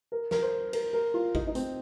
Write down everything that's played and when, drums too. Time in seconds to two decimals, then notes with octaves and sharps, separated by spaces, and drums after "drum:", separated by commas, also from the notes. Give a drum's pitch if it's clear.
0.12 A#4
0.31 A#4, drum: snare
0.42 C5
0.73 A#4, drum: cymbal
0.93 A#4
1.14 F4
1.35 D#4, drum: kick G#1
1.47 D#4
1.55 C4, drum: hi-hat